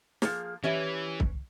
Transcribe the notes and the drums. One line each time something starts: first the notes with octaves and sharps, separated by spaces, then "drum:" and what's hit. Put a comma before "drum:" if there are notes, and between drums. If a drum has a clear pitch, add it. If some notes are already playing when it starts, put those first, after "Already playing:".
F3 A#3 G#4, drum: snare
E3 C#4 G4 B4 C#5 E5
drum: kick C2